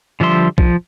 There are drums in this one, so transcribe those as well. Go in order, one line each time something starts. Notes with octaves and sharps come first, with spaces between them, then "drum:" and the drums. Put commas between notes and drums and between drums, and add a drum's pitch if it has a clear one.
D3 F3 G3 E5 C6
F3, drum: kick